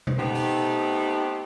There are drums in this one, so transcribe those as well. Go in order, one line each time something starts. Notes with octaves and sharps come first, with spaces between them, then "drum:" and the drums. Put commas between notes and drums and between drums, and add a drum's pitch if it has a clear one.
drum: tom B2
A3 B3 C4 D#4 G4
drum: open hi-hat